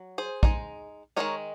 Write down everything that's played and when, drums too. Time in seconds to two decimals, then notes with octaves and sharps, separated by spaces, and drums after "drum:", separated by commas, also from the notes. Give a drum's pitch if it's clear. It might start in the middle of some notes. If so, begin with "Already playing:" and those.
Already playing: F#3
0.18 G#4 C5
0.43 G#3 D#4, drum: kick
1.16 D#3 G#3 D#4 A#4 C#5